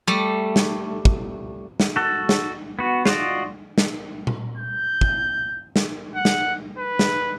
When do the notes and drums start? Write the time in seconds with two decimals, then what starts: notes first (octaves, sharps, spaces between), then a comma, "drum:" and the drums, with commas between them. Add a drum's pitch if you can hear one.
0.07 G3 A3
0.56 drum: snare
1.05 drum: kick
1.80 drum: snare
1.96 F#4 A4
2.29 drum: snare
2.79 B3 F#4
3.06 F4 F#4 A#4 D5 D#5, drum: snare
3.78 drum: snare
4.27 drum: tom A#2
4.57 G6
5.01 drum: kick
5.76 drum: snare
6.15 F#5
6.25 drum: snare
6.78 B4
6.99 drum: snare